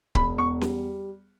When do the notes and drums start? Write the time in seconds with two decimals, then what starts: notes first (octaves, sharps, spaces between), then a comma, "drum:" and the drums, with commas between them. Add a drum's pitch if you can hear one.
0.15 E1 B5, drum: kick C#1
0.38 E2 C#6
0.61 G3, drum: snare C#4